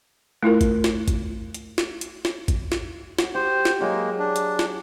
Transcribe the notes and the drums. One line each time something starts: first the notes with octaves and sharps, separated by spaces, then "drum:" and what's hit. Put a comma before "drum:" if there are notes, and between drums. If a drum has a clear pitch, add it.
A3 E4 F4 A#4
drum: kick, hi-hat
drum: snare
drum: kick, hi-hat
drum: hi-hat
drum: snare
drum: hi-hat
drum: snare
drum: kick, hi-hat
drum: snare
F#4, drum: snare
G4 C5
drum: snare
F#3 G#3 A#3 G#4
D4
drum: hi-hat
drum: snare